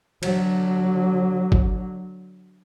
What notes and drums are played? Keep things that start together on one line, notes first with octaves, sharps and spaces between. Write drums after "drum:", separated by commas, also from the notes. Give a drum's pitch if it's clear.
D3 F#3, drum: cymbal
drum: kick